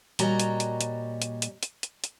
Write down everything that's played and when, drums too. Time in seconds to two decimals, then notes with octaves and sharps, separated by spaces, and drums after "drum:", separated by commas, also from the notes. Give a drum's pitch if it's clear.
0.19 A#2 G3 F#4 C#5 D#5 A#5, drum: hi-hat
0.40 drum: hi-hat
0.60 drum: hi-hat
0.81 drum: hi-hat
1.22 drum: hi-hat
1.42 drum: hi-hat
1.63 drum: hi-hat
1.83 drum: hi-hat
2.04 drum: hi-hat